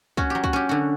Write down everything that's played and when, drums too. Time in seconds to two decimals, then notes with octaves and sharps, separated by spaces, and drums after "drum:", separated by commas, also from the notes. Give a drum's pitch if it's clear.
0.17 C#4 F#4, drum: kick
0.30 F#3 G4
0.44 F#4, drum: kick
0.53 C#4 G4
0.69 D3 F#4